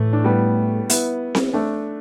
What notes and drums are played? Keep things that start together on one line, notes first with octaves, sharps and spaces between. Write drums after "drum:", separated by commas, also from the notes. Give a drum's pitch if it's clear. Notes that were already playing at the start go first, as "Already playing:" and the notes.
Already playing: A2 E3 A3
D4
G3 B3
B3 E4, drum: hi-hat
drum: snare C4
A3 D4